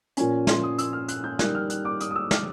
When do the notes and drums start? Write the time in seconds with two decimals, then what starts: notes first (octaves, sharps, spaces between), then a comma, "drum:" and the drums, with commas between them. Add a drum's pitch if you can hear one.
0.17 A#2 F3 A#3 C#4 G#5, drum: hi-hat
0.47 C6, drum: snare
0.63 D#6
0.78 E6, drum: hi-hat
0.93 F6
1.08 F#6, drum: hi-hat
1.24 G6
1.39 D#3 G3 A#3 F#6, drum: snare
1.55 F6
1.70 F#6, drum: hi-hat
1.85 D6
2.00 D#6, drum: hi-hat
2.11 D#6
2.16 E6
2.31 F6, drum: snare